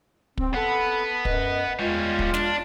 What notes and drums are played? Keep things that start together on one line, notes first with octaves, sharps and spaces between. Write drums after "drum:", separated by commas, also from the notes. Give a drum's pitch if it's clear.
C4, drum: kick
B3 A4 F#5 B5
F#2 B4 D#5, drum: kick
E2 G3 G#3 C#4 F4
drum: kick
D4, drum: snare